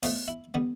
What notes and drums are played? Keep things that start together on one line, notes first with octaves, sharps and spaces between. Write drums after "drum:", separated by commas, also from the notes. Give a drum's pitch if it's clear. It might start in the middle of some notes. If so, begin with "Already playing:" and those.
B2 A3 C4 F4, drum: open hi-hat
E4
D3 G3 B3